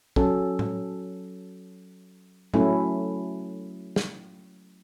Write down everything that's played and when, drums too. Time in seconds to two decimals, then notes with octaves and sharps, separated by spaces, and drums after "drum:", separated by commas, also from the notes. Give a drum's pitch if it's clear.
0.16 F#3 C#4 A4, drum: kick
0.59 drum: tom A2
2.54 F#3 A3 C#4 E4, drum: tom A2
3.96 drum: snare